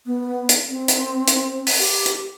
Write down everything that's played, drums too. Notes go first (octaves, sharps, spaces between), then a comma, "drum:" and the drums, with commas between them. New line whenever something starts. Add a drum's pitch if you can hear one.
B3
drum: hi-hat
C4
drum: hi-hat
drum: hi-hat
drum: open hi-hat
G4
drum: hi-hat